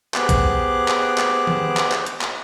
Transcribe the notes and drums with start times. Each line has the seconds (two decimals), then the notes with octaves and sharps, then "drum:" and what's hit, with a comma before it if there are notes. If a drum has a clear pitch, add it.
0.14 B3 G4 G#4 C5 D6 F#6, drum: clap
0.29 drum: kick, hi-hat
0.88 drum: clap
1.18 drum: clap
1.47 drum: tom D#3
1.77 drum: clap
1.92 drum: clap
2.06 drum: hi-hat
2.21 drum: clap